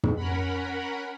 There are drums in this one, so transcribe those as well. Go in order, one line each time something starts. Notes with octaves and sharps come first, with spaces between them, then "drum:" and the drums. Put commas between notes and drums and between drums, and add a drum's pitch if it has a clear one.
drum: tom
C#4 A#4 F#5 B5